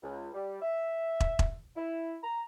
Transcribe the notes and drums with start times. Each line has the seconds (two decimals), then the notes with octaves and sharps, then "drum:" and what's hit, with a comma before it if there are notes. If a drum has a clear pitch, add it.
0.03 C#2
0.34 G3
0.62 E5
1.20 drum: kick
1.39 drum: kick
1.76 E4
2.23 A#5